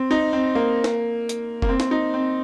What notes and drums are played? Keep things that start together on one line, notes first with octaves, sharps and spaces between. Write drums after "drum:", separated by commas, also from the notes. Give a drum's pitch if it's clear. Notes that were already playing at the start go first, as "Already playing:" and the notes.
Already playing: C4
D#4
C4
A#3
drum: snare
drum: hi-hat
A#3, drum: kick F1
C4
drum: snare
D#4
C4